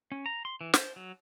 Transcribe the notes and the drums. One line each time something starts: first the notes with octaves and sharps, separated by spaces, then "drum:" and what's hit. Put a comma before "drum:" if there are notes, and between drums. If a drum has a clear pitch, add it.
C#4
A#5
C6
E3
C5, drum: snare
F#3